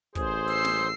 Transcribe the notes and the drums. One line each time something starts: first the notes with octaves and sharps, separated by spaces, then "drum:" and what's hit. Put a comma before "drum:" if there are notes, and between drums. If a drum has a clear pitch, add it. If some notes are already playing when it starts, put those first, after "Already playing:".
A1 G#4 C5, drum: kick, hi-hat
E6 C7, drum: hi-hat
drum: snare